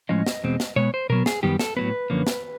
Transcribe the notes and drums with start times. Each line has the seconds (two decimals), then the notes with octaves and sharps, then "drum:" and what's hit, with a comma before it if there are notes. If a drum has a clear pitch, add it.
0.09 A2 F3 G#3 C#4 D#5
0.26 drum: snare
0.44 E2 B2 G#3 C4
0.60 drum: snare
0.76 B2 G#3 B3 C#5
0.94 C5
1.10 B2 F#3 B3 A#4
1.26 G#4, drum: snare
1.43 F#2 D#3 G3 B3 G4
1.59 A4, drum: snare
1.77 A2 F#3 B3 B4
2.10 F#2 D3 F3 A#3 C#4
2.27 drum: snare